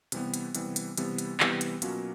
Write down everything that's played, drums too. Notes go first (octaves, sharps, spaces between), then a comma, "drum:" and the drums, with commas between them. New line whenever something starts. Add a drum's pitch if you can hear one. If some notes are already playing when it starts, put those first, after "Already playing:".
C3 E3 G3 B3, drum: hi-hat
drum: hi-hat
C3 E3 G3 B3, drum: hi-hat
drum: hi-hat
C3 E3 G3 B3, drum: hi-hat
drum: hi-hat
C3 E3 G3 B3, drum: clap
drum: hi-hat
B2 F#3 A#3 C#4 F4, drum: hi-hat